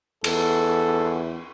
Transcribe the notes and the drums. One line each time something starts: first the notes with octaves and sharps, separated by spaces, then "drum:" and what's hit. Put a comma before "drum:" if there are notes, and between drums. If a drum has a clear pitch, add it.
E2 A4, drum: cymbal